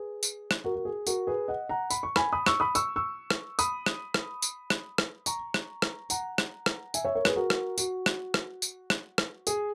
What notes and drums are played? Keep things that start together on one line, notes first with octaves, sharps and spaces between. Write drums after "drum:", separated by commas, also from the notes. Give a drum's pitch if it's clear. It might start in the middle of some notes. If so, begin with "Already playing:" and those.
Already playing: G#4 B4
drum: tambourine
drum: rim click
F#4 A#4
F#4
G#4
F#4 A#4, drum: tambourine
G#4 B4
D#5 F#5
F#5 A#5
B5, drum: tambourine
C#6
G#5 B5, drum: rim click
B5 D#6
C#6 E6, drum: rim click
B5 D#6
C#6 E6, drum: tambourine
C#6 E6
drum: rim click
B5 D#6, drum: tambourine
drum: rim click
drum: rim click
drum: tambourine
drum: rim click
drum: rim click
A#5 C#6, drum: tambourine
drum: rim click
drum: rim click
F#5 A#5, drum: tambourine
drum: rim click
drum: rim click
E5 G#5, drum: tambourine
C#5 E5
A#4 C#5
G#4 B4, drum: rim click
F#4 A#4
drum: rim click
F#4, drum: tambourine
drum: rim click
drum: rim click
drum: tambourine
drum: rim click
drum: rim click
G#4, drum: tambourine